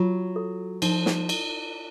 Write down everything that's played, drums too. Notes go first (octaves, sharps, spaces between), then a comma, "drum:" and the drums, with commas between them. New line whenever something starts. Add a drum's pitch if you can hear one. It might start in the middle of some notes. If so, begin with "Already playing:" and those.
Already playing: F#3 F4
A4
F3 D#4, drum: cymbal
drum: snare
drum: cymbal